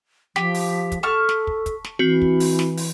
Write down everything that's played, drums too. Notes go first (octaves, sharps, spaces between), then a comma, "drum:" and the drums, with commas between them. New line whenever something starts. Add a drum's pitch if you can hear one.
F3 G4 B6, drum: snare
drum: open hi-hat
drum: kick, hi-hat
A4 A5 C#6 F6
drum: snare
drum: kick
drum: kick, hi-hat
drum: snare
E3 C4 F#4
drum: kick
drum: open hi-hat
drum: snare
drum: open hi-hat